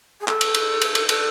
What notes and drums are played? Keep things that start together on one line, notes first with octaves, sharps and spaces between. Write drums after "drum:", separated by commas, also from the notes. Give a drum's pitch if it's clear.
G#4
A4, drum: clap
drum: cymbal
drum: cymbal
drum: cymbal
drum: cymbal
A4, drum: cymbal